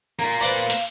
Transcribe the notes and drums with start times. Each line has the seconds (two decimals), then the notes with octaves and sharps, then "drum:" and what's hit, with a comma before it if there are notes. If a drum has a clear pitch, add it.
0.19 A#3 F4 A#5
0.41 B4 C5 D5 F5
0.70 drum: open hi-hat